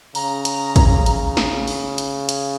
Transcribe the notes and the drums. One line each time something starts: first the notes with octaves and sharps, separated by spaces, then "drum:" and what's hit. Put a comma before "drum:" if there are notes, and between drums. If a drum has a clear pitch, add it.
C#3 A#5, drum: open hi-hat
drum: hi-hat
drum: kick, hi-hat
drum: hi-hat
drum: snare
drum: open hi-hat
drum: hi-hat
drum: hi-hat